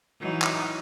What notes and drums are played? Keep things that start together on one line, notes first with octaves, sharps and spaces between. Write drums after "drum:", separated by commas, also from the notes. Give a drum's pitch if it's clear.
E3 F#3 D#4
drum: clap